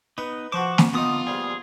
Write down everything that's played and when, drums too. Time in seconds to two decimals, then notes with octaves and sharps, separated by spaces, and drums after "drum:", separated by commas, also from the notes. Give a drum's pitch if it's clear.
0.18 B3 D#4 B4
0.52 F3 F#4 C5 F#5 C#6 D6 E7
0.78 drum: snare
0.93 D3 B3 D#4 F4 A#4 D#6
1.27 A#1 G3 G#4